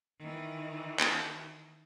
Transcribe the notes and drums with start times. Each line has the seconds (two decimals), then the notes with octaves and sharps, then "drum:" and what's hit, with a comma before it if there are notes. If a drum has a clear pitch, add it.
0.19 D#3 E3
0.99 drum: clap